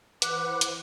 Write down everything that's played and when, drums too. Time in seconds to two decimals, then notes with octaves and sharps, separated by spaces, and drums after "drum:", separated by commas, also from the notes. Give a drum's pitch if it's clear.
0.22 E3 B4 C5 F#5 D6, drum: hi-hat
0.61 drum: hi-hat